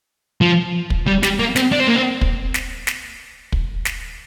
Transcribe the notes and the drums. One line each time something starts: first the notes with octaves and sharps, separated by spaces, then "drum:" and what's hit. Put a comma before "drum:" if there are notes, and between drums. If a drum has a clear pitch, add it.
F3
drum: kick
G3
G3, drum: snare
A#3
C4, drum: snare
D4
C4
A#3
C4
drum: kick
drum: snare
drum: snare
drum: kick
drum: snare